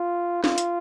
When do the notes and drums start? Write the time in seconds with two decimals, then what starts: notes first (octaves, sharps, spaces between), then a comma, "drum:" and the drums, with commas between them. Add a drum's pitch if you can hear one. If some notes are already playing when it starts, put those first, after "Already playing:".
Already playing: F4
0.44 F4, drum: snare
0.58 drum: hi-hat